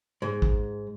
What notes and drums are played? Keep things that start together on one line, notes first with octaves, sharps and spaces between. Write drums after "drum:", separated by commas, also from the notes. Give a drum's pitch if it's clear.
G#2
drum: kick G#1